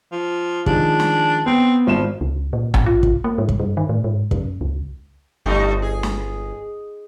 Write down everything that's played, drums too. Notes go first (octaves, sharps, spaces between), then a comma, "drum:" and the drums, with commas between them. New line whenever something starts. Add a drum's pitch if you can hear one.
F3
D#3 F3 G#3 D4, drum: kick
drum: snare
B3 C4
G#1 F3 E7
C#2
A#2
G#1, drum: tom A#1
F4
drum: kick
A#3
G#2
drum: kick
G2
D#3
A2
G#2
F#2, drum: kick
C#2
G1 G3 A3 D#4
G#4
drum: snare